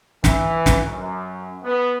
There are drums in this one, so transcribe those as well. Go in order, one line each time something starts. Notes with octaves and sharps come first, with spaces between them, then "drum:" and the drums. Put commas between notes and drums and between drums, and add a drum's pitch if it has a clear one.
E3, drum: snare
drum: snare
F#2
B3